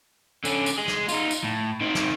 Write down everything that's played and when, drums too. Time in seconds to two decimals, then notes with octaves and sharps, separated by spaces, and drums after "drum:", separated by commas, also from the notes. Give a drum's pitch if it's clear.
0.45 D3 C#4, drum: tambourine
0.66 drum: tambourine
0.78 G#3 G#4
0.88 drum: snare
1.09 D#4 F4, drum: tambourine
1.31 drum: tambourine
1.44 A2
1.81 D#3 C4
1.95 drum: snare